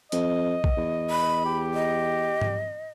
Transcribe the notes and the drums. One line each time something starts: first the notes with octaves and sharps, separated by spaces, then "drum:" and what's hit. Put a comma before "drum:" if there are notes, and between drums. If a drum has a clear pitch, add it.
F2 D#5, drum: hi-hat
drum: kick A#1
E2
B5
G4
D#5
drum: tom G#2